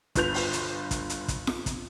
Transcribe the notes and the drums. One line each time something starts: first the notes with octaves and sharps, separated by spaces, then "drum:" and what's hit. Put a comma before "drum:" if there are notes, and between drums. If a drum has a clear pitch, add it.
G1 F4 B4 G6 F7, drum: kick, hi-hat
drum: open hi-hat
drum: hi-hat
drum: kick, hi-hat
drum: hi-hat
drum: kick, hi-hat
drum: snare F4
drum: kick, hi-hat